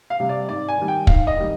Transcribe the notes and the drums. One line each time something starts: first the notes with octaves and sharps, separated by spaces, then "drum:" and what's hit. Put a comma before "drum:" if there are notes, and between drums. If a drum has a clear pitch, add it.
F5
C3 G3
D5
G#2 D5
G#5
D#3 G3
G5
G#2 F5, drum: kick
D#5
D#3 G3